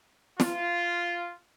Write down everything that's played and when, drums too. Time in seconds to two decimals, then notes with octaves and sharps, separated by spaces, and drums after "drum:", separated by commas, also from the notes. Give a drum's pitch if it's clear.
0.40 F4, drum: snare